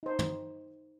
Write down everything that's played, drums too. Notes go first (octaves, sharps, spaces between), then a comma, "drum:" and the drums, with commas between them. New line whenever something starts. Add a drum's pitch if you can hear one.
D#4 C5
drum: tom